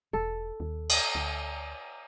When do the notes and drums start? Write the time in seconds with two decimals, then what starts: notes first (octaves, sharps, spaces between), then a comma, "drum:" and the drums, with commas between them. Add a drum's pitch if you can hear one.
0.13 E1 A4
0.60 D#2
0.89 drum: cymbal
1.15 D2